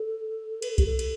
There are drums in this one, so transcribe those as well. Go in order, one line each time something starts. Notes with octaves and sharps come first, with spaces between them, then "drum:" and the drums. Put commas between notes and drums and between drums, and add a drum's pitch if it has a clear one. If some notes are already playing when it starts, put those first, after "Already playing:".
Already playing: A4
B4, drum: cymbal
A4
G4, drum: kick C2, cymbal
A4
drum: cymbal